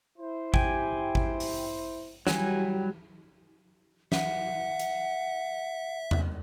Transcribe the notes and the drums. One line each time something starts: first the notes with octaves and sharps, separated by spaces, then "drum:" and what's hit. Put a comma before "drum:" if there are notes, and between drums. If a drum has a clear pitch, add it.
E4 C5
G4 G5 G#5, drum: kick G#1
drum: kick G#1
drum: open hi-hat
E3 F#3 G3 G#5, drum: snare
E5 F#5, drum: snare
drum: hi-hat
drum: tom E2